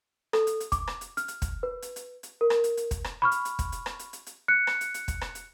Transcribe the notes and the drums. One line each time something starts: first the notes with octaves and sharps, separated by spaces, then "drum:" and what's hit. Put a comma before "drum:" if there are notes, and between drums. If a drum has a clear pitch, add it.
A4, drum: rim click
drum: hi-hat
drum: hi-hat
D6, drum: kick, hi-hat
drum: rim click
drum: hi-hat
F6, drum: hi-hat
drum: hi-hat
drum: kick, hi-hat
B4
drum: hi-hat
drum: hi-hat
drum: hi-hat
A#4
drum: rim click
drum: hi-hat
drum: hi-hat
drum: kick, hi-hat
drum: rim click
B5 C#6 F6
drum: hi-hat
drum: hi-hat
drum: kick, hi-hat
drum: hi-hat
drum: rim click
drum: hi-hat
drum: hi-hat
drum: hi-hat
F#6 C#7
drum: rim click
drum: hi-hat
drum: hi-hat
drum: kick, hi-hat
drum: rim click
drum: hi-hat